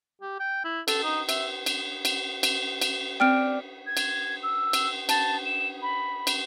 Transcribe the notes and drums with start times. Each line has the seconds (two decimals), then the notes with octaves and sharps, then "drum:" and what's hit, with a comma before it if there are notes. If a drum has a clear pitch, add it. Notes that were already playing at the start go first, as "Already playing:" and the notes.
0.21 G4
0.40 G5
0.65 E4
0.88 A4, drum: cymbal
1.03 D#4
1.29 E5, drum: cymbal
1.66 drum: cymbal
2.05 drum: cymbal
2.43 drum: cymbal
2.82 drum: cymbal
3.20 C4 D5 G5 F6 D7
3.87 G#6
3.97 drum: cymbal
4.43 E6
4.73 drum: cymbal
5.09 A5, drum: cymbal
5.45 E7
5.82 B5
6.27 drum: cymbal